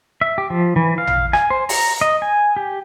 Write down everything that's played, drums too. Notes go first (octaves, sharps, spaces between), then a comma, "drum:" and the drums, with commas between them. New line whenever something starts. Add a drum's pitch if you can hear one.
E5
G4
F3
E3
F5
drum: tom
G#5, drum: rim click
C5
A#5, drum: open hi-hat
D#5
G#5
G4